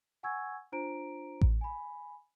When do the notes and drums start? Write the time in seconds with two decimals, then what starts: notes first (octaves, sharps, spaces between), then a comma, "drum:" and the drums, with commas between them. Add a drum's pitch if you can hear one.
0.23 F#5 G#5 C#6 E6 G#6
0.72 D4 F4 C5 A#5 D7
1.41 drum: kick A1
1.61 G#5 B5